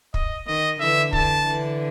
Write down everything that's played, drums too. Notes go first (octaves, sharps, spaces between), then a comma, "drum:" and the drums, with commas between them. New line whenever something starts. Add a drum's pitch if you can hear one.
D#5, drum: kick
D#3 D#5
D3 E3 E5
D3 E3 A5, drum: kick
D3 E3